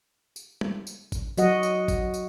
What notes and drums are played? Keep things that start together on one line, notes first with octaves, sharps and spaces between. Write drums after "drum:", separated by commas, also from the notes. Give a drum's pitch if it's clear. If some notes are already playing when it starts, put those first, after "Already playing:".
drum: tambourine
drum: tom
drum: tambourine
drum: kick, tambourine
F#3 F#4 D#5 F#5, drum: tambourine
drum: tambourine
drum: kick, tambourine
drum: tambourine